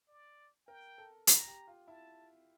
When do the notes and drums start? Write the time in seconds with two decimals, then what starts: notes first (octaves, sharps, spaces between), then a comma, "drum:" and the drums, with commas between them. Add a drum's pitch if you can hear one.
0.08 D5
0.67 A#4 G5
0.98 A4
1.27 G4 A#5, drum: hi-hat
1.48 G4
1.67 F4
1.87 E4 A5